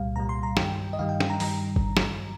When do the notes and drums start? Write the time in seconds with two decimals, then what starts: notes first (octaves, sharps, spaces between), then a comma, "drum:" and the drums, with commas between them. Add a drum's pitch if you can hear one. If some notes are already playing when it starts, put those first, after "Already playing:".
Already playing: C2 A#2 G3 F5
0.16 C2 A#2 G3 A#5
0.29 C6
0.43 A#5
0.57 G2 D#3 G3 G5, drum: snare
0.93 D#5
0.99 G2 D#3 G3 F5
1.09 G5
1.20 G5, drum: snare
1.30 A#5
1.40 G2 D#3 G3 A#5, drum: open hi-hat
1.76 drum: kick G1
1.97 drum: snare